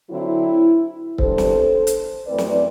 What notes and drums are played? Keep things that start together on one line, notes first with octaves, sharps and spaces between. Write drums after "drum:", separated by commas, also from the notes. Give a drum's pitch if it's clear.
D3 F#3 C4 E4
E2 D3 G3 A4 C5, drum: kick
drum: snare
drum: hi-hat
F#2 E3 A3 C4 B4 D5
drum: snare